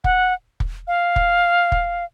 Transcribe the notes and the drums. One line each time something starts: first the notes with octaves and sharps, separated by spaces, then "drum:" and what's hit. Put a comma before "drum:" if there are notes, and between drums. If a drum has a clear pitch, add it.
F#5, drum: kick
drum: kick
F5
drum: kick
drum: kick